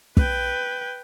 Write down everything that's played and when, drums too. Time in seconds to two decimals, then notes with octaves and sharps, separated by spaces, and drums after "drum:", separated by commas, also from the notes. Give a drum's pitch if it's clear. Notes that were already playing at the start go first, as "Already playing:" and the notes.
0.17 B4 G5, drum: kick